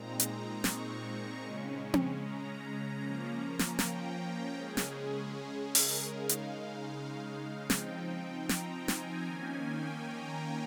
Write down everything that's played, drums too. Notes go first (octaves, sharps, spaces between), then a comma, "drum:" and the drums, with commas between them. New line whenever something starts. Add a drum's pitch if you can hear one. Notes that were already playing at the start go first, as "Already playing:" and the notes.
Already playing: A#2 G#3 C4 D#4 A#5
drum: hi-hat
C#6, drum: snare
C#3 G#3 C#4
drum: tom C4
A#5
F3 A#3 C#4
drum: snare
G5, drum: snare
C#3 G#3 C#4 G#4
drum: snare
A#4, drum: open hi-hat
C#3 G#3 D#4 F5
drum: hi-hat
F3 C4 D#4 G5, drum: snare
A#5, drum: snare
G#5, drum: snare
D#3 A#3 C#4
G5
A#5